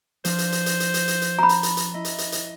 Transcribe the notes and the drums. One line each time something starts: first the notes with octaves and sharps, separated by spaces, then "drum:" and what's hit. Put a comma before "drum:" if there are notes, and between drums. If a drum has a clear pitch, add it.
F3 D4 F4 C5, drum: hi-hat
drum: hi-hat
drum: hi-hat
drum: hi-hat
drum: hi-hat
drum: hi-hat
drum: hi-hat
drum: hi-hat
C#4 A#5 B5
drum: hi-hat
drum: hi-hat
drum: hi-hat
E4 D#5
drum: hi-hat
drum: hi-hat
drum: hi-hat